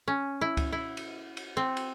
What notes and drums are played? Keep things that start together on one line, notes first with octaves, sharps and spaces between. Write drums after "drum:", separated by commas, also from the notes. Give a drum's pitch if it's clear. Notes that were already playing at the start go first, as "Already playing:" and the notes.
C#4
E4
drum: kick C#2, cymbal
E4
drum: cymbal
drum: cymbal
C4
drum: cymbal